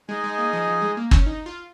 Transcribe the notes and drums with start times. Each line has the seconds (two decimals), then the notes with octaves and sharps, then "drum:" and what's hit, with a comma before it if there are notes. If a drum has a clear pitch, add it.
0.09 G#3 D#4 G#4 D#5 G#5
0.24 G#3
0.38 A#3
0.53 F3
0.68 F3
0.82 G#3
0.97 A#3
1.11 C#4, drum: kick
1.26 D#4
1.46 F4